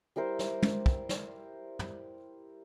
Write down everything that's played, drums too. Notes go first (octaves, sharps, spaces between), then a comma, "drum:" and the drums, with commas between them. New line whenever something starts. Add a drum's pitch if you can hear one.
G3 E4 A#4 C5
drum: snare
drum: tom
drum: kick
drum: snare
drum: tom